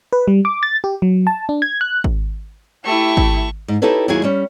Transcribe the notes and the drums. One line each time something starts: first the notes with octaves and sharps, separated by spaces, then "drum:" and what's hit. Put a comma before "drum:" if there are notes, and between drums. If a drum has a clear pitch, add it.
B4
G3
D6
A6
G4
F#3
A5
D4
G#6
F#6
drum: kick G#1
A3 E4 G4 C#6
drum: kick G#1
G#2
D#4 E4 G4 A4 B4 C#5
D#2 F#3 E4 F4 G#4 G#5
G3 C#4